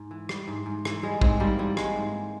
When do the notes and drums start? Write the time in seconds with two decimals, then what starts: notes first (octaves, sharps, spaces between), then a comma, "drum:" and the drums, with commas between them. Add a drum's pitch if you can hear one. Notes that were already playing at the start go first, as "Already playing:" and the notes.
Already playing: G#2
0.11 E3
0.29 G3, drum: rim click
0.48 G#2
0.66 G#2
0.85 E3, drum: rim click
1.03 G3 G#3
1.22 G#2 G#3 C4, drum: kick
1.40 G#2 G3 A#3
1.59 E3 G3
1.77 G3 G#3, drum: rim click
1.96 G#2
2.14 G#2